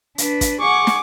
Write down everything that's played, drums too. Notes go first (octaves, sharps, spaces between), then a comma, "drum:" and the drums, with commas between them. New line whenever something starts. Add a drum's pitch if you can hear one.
D4 B4, drum: hi-hat
drum: kick, hi-hat
G#4 F#5 C#6 D6
drum: snare